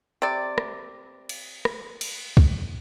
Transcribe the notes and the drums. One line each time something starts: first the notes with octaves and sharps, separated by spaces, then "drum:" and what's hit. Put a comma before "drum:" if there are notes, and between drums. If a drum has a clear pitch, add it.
C3 D5
drum: rim click
drum: cymbal
drum: rim click
drum: cymbal
drum: kick